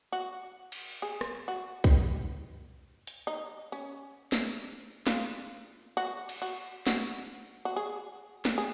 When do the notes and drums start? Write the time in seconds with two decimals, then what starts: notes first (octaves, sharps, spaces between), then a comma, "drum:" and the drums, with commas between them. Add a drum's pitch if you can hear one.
0.12 F#4
0.72 drum: cymbal
1.02 G#4
1.21 drum: rim click
1.48 F#4
1.84 drum: kick B1
3.07 drum: hi-hat
3.27 D#4
3.72 C#4
4.32 drum: snare
5.07 F4, drum: snare
5.97 F#4
6.29 drum: cymbal
6.42 F#4
6.87 F#4, drum: snare
7.65 F#4
7.76 G#4
8.45 drum: snare
8.58 G#4